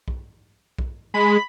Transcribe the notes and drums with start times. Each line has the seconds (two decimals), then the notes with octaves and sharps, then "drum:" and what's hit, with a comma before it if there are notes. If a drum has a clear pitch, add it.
0.08 drum: kick B1
0.79 drum: kick B1
1.14 G#3 B5